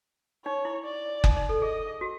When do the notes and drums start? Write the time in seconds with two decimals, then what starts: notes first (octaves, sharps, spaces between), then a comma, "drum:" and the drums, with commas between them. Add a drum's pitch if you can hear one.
0.45 D#4 C#5
0.65 E4
0.85 D5
1.24 D#4, drum: kick F#1
1.37 D#4
1.49 A4
1.62 G#4 D#5
2.01 F#4